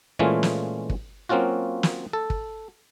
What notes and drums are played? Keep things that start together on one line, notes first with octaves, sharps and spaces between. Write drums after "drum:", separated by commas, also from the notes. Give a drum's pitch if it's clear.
A#2 E3 G#3 A3 C#4 F4
drum: snare
drum: kick
F#3 A#3 C4 C#4 F4 F#4
drum: snare
A4
drum: kick